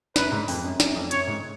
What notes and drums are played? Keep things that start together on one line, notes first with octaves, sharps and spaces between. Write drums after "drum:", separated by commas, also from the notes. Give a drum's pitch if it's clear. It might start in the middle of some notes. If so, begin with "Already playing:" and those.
F#2 B4, drum: snare
G#2
F2, drum: open hi-hat
F#2
F#2, drum: snare
F2
F#2 C#5, drum: hi-hat
G#2